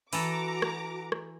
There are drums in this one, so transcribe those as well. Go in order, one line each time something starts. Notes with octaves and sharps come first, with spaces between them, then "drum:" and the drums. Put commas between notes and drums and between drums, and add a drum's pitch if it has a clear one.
E3 F#4 A4 A#5 D6, drum: open hi-hat
drum: rim click
drum: rim click